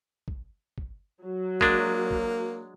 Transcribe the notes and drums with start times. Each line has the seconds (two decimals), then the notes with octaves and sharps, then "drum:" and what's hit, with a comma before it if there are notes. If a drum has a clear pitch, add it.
0.28 drum: kick
0.78 drum: kick
1.23 F#3
1.61 G#3 A#3 D4, drum: kick
2.11 drum: kick